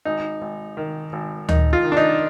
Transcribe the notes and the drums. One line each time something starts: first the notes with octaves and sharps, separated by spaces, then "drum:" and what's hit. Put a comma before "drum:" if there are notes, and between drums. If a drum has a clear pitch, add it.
G#1 D#4
G#1
D#3
G#1
D#3 D#4, drum: tom D2
F4
D#3
D4
D#4